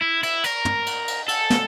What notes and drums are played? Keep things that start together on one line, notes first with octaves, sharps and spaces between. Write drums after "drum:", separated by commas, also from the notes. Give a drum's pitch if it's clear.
E4
E4, drum: cymbal
A#4, drum: cymbal
drum: tom
drum: cymbal
drum: cymbal
A4, drum: cymbal
drum: snare